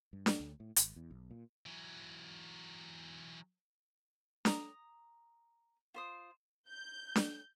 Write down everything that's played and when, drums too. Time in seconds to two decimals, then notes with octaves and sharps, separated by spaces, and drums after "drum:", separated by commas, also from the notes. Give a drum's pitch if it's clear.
0.13 G2
0.26 drum: snare D4
0.40 D2
0.60 A2
0.76 G#1, drum: hi-hat
0.96 E2
1.10 B1
1.31 A#2
1.66 E3 F#3
4.45 A#5 D#6, drum: snare D4
5.94 F4 C5 D#6
6.69 G6
7.16 drum: snare D4